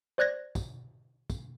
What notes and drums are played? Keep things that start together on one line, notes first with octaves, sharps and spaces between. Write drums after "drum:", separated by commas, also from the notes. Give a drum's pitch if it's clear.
C5 D5 F#6 G#6 A#6
drum: kick, tambourine
drum: kick, tambourine